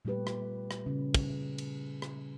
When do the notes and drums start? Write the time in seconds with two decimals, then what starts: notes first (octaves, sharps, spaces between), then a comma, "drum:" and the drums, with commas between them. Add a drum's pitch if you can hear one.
0.05 A#2 G3 A3 G4 B4
0.27 drum: rim click
0.71 drum: rim click
0.86 C#3 C#4
1.14 drum: kick, cymbal
1.58 drum: cymbal
2.02 drum: rim click